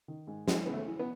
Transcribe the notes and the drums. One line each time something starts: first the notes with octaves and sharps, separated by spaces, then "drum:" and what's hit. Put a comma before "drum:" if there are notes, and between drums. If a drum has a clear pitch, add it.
D#3
G#2
E3 G#3, drum: snare
C#3 B3
A3
E3
B3